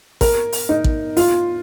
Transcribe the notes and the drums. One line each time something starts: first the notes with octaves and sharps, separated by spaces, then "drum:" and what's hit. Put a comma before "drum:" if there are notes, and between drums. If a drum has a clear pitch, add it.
A#4, drum: kick, open hi-hat
drum: open hi-hat
D#4
drum: kick
F4, drum: open hi-hat